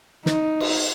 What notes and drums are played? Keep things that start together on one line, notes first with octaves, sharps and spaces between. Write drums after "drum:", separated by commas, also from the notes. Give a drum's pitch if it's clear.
D#4, drum: snare
drum: cymbal